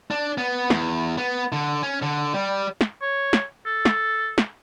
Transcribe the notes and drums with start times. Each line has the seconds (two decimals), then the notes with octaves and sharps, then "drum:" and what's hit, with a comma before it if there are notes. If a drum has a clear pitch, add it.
0.11 D4
0.38 B3
0.70 E2, drum: snare
1.18 B3
1.52 D3
1.83 C#4
2.02 D3
2.34 G3
2.81 drum: snare
3.02 C#5
3.33 drum: snare
3.66 A4
3.85 drum: snare
4.38 drum: snare